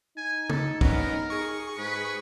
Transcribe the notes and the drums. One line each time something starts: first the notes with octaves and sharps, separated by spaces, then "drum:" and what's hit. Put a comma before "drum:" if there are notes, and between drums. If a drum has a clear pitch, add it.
D#4 G#5
A4, drum: tom C#3
G2 B3 C#4 A#4, drum: kick
G#4 C#6
G#2 B4